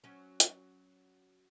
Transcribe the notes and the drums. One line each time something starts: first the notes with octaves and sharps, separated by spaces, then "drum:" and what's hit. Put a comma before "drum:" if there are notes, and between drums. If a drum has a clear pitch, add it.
F#3 C#4
drum: hi-hat